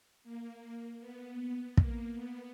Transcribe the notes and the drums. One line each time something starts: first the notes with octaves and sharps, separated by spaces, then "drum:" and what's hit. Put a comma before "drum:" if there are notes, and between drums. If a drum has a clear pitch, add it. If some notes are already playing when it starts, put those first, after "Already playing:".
A#3
B3
A#3, drum: kick
B3